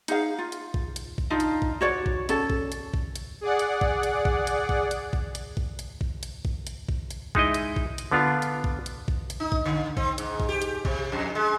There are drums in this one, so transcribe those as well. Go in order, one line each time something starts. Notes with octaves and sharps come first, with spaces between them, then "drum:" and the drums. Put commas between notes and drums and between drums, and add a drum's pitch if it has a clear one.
D#4 G#4 F5, drum: hi-hat
F4
drum: hi-hat
drum: kick A#1
drum: hi-hat
drum: kick A#1
D4 D#4 F4
drum: hi-hat
drum: kick A#1
F#4 C#5 D5
drum: kick A#1
C#4 A4, drum: hi-hat
drum: kick A#1
drum: hi-hat
drum: kick A#1
drum: hi-hat
G#4 D5 F#5
drum: hi-hat
drum: kick A#1
drum: hi-hat
drum: kick A#1
drum: hi-hat
drum: kick A#1
drum: hi-hat
drum: kick A#1
drum: hi-hat
drum: kick A#1
drum: hi-hat
drum: kick A#1
drum: hi-hat
drum: kick A#1
drum: hi-hat
drum: kick A#1
drum: hi-hat
G#3 D#4 E4 D#5, drum: kick A#1
drum: hi-hat
drum: kick A#1
drum: hi-hat
D3 B3 D4 F4
drum: hi-hat
drum: kick A#1
drum: hi-hat
drum: kick A#1
drum: hi-hat
D#4
drum: kick A#1
D3
C4, drum: kick A#1
G#2, drum: hi-hat
drum: kick A#1
G4
drum: hi-hat
C3, drum: kick A#1
F2
G#3